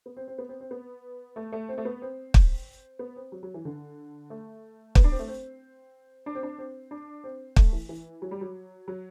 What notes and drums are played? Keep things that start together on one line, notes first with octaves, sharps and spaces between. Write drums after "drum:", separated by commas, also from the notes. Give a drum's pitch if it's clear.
B3
C4
C4
B3
C4
C4
B3
A3
A3
C4
A3
B3
C4
drum: kick
B3
C4
F#3
F#3
E3
D3
A3
B3, drum: kick
D4
C4
A3
C4
D4
C4
D4
C4
D4
C4
A3, drum: kick
E3
E3
F#3
G3
F#3
F#3